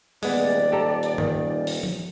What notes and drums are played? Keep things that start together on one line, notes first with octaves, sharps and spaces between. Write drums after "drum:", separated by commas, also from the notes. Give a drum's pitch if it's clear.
D#1 G#3 B3 D5, drum: open hi-hat
G4 A4 A#5
drum: hi-hat
D#3, drum: tom G2
drum: open hi-hat
drum: tom F3